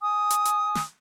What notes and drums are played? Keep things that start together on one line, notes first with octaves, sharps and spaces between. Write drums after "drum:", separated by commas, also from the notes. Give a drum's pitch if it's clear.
G#5 D#6
drum: hi-hat
drum: hi-hat
drum: snare